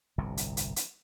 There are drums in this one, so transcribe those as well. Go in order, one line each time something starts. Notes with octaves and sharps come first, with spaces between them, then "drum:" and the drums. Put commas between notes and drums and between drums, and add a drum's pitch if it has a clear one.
G1 C2 A2 C3
drum: hi-hat
drum: hi-hat
drum: hi-hat